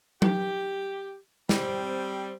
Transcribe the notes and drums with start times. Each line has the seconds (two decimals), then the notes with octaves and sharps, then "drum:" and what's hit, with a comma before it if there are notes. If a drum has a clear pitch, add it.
0.22 G4, drum: tom F#3
1.49 G3 C4, drum: snare